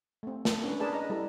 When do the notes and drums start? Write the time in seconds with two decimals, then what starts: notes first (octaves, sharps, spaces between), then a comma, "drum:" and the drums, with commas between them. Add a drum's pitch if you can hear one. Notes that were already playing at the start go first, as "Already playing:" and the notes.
0.23 A3 C4
0.45 A5, drum: snare
0.64 C#4 D4 B4
0.80 G#4 A#4 B4 D5 A5
0.93 B4 D#5 A#5
1.10 G3 E4 A4